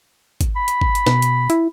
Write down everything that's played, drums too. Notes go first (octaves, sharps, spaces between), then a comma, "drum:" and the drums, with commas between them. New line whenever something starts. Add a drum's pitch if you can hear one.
drum: kick G#1, hi-hat
B5
drum: hi-hat
drum: kick G#1
drum: hi-hat
B2, drum: snare
drum: hi-hat
E4, drum: hi-hat